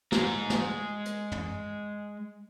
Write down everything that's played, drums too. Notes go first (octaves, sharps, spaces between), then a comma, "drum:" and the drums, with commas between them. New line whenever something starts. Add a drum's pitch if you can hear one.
G#3 A#5, drum: snare
drum: snare
drum: hi-hat
drum: tom